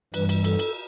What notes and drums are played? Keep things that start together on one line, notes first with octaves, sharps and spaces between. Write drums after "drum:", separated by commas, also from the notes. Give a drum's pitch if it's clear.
G2 E3 G3 B4, drum: cymbal
drum: cymbal
A4, drum: cymbal
drum: cymbal